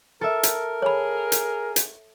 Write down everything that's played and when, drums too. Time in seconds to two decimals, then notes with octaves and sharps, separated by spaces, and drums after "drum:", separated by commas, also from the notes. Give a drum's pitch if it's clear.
0.21 A4 A#4 E5
0.43 drum: hi-hat
0.82 G#4 C#5 B5
1.32 drum: hi-hat
1.76 drum: hi-hat